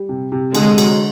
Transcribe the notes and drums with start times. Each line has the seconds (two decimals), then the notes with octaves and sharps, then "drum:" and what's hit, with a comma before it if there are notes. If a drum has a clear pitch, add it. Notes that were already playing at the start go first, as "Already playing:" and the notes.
Already playing: G3
0.09 C3
0.32 C3
0.55 D3 G#3, drum: cymbal
0.78 F#3, drum: cymbal